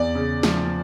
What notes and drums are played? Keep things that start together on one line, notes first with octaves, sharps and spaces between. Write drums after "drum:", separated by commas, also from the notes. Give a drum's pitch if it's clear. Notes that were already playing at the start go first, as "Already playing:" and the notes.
Already playing: E2 D5
C#3
F3, drum: snare